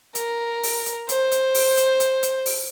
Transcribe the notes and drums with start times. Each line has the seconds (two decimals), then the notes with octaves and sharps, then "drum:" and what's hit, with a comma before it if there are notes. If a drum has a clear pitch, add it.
0.15 A#4, drum: hi-hat
0.63 drum: open hi-hat
0.86 drum: hi-hat
1.09 C5, drum: hi-hat
1.32 drum: hi-hat
1.54 drum: open hi-hat
1.77 drum: hi-hat
2.00 drum: hi-hat
2.23 drum: hi-hat
2.46 drum: open hi-hat